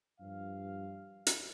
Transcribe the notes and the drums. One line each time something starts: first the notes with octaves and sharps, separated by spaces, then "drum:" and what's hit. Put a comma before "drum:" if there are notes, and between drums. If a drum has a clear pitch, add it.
G2 F3 F5
drum: hi-hat